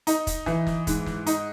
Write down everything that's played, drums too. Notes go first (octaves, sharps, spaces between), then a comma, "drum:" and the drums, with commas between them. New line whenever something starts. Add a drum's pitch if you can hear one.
D#4, drum: hi-hat
drum: kick, hi-hat
E3, drum: snare
drum: snare
G#2, drum: kick, hi-hat
drum: snare
D#4, drum: hi-hat